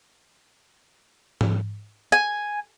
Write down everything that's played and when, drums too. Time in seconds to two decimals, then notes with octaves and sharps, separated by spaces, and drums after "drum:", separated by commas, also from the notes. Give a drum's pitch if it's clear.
1.41 drum: tom G#2
2.12 G#5, drum: hi-hat